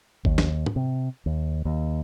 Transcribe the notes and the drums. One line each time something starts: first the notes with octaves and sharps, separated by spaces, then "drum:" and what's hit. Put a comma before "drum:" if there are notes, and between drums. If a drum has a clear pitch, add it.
D#2, drum: kick G#1
drum: snare
drum: tom
C3
D#2
D#2